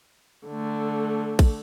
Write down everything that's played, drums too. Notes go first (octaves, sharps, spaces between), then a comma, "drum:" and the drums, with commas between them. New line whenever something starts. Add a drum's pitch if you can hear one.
D3 A3
drum: kick, cymbal